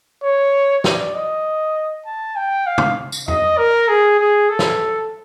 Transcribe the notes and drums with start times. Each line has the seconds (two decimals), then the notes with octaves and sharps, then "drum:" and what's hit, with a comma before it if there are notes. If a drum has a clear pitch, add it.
0.23 C#5
0.84 D5, drum: snare
1.14 D#5
2.05 A5
2.36 G5
2.66 F5
2.78 drum: tom
3.12 drum: tambourine
3.28 D#5, drum: tom E2
3.58 A#4
3.88 G#4
4.19 G#4
4.49 A4
4.59 drum: snare